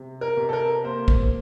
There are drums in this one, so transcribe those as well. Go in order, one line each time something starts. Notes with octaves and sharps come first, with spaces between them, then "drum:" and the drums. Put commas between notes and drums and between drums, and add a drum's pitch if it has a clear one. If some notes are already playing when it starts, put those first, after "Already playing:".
Already playing: C3
A#4
C3
A4
A#4
A#3 C5
drum: kick